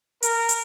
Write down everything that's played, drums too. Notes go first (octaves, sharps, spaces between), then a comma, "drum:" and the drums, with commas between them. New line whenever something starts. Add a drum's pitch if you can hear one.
A#4, drum: hi-hat
drum: hi-hat